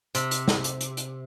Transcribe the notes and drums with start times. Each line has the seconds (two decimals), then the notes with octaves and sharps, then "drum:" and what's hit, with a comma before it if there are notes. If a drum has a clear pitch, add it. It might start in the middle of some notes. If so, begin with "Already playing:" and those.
0.15 C3, drum: hi-hat
0.31 drum: hi-hat
0.48 drum: snare
0.64 drum: hi-hat
0.81 drum: hi-hat
0.97 drum: hi-hat